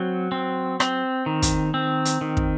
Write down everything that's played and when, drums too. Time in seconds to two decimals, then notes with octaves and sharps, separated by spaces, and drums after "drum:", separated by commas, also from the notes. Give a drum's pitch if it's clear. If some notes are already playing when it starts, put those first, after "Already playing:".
Already playing: F#3 C4
0.32 C4
0.80 C4, drum: rim click
1.26 D#3
1.42 drum: kick, hi-hat
1.74 C4
2.05 drum: hi-hat
2.21 D#3
2.37 drum: kick